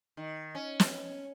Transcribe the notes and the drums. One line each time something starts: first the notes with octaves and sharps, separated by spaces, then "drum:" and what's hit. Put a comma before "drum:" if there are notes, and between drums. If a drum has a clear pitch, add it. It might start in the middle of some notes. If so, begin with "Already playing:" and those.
D#3
C#4
drum: snare